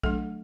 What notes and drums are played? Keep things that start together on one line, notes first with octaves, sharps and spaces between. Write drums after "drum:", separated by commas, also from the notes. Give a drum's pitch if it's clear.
F#3 A3 D4 A4, drum: kick A#1